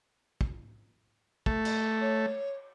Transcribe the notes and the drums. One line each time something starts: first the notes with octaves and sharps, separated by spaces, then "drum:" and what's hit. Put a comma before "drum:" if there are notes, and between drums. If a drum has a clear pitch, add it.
drum: kick
A3, drum: kick
drum: cymbal
C#5